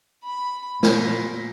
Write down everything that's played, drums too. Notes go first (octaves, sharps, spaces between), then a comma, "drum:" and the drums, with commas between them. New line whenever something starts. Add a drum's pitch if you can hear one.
B5
A#2, drum: snare